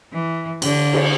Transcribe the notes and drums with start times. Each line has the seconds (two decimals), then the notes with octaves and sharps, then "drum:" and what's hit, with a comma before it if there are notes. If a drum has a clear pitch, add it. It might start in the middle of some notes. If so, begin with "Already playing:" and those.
0.13 E3
0.62 D3, drum: cymbal
0.93 drum: cymbal